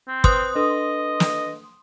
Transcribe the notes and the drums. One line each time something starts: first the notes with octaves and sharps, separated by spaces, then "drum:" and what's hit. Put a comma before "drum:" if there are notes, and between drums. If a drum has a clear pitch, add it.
C4
B4 C5 C6 D#6 F#6, drum: kick
D4 A4 B4 D#5
drum: snare